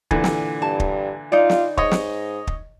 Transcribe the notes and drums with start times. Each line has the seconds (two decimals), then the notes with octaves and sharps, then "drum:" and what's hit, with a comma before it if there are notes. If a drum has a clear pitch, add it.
0.11 A#2 D3 E3, drum: kick
0.24 drum: snare
0.62 G2 A5
0.80 drum: kick
1.32 D#4 F4 D5
1.50 drum: snare
1.77 G#2 C#5 D#5, drum: kick
1.91 drum: snare
2.47 drum: kick